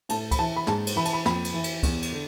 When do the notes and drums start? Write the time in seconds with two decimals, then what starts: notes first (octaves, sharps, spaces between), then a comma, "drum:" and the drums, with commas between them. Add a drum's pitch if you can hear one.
0.09 A2 A5, drum: cymbal
0.31 B5, drum: kick, cymbal
0.39 E3 A5
0.56 B5
0.67 G#2 A5, drum: snare
0.87 drum: cymbal
0.96 E3 B5
1.05 A5, drum: cymbal
1.13 B5
1.26 F2 B5, drum: snare
1.45 drum: cymbal
1.54 E3
1.64 drum: cymbal
1.83 E2, drum: kick, cymbal
2.02 drum: cymbal
2.12 D3